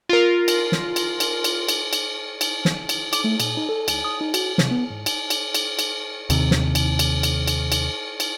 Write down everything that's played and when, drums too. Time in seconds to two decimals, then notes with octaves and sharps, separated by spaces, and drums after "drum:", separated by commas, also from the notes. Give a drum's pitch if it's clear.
0.09 F4 A#4
0.48 drum: cymbal
0.72 drum: snare
0.96 drum: cymbal
1.20 drum: cymbal
1.44 drum: cymbal
1.69 drum: cymbal
1.93 drum: cymbal
2.41 drum: cymbal
2.65 drum: snare
2.89 drum: cymbal
3.13 D6, drum: cymbal
3.24 A3
3.40 A#2, drum: cymbal
3.57 D#4
3.69 A4
3.88 C#2, drum: cymbal
4.04 D#6
4.21 D#4
4.34 F#4, drum: cymbal
4.58 C3, drum: snare
4.71 B3
4.90 G#2
5.06 drum: cymbal
5.30 drum: cymbal
5.55 drum: cymbal
5.79 drum: cymbal
6.30 D#2 C3, drum: cymbal
6.51 drum: snare
6.75 drum: cymbal
6.99 drum: cymbal
7.23 drum: cymbal
7.48 drum: cymbal
7.72 drum: cymbal
8.20 drum: cymbal